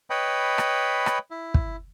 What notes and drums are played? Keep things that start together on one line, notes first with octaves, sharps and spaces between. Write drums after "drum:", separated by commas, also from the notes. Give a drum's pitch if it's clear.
B4 C#5 D#5 G5 B5
drum: rim click
drum: rim click
E4
drum: kick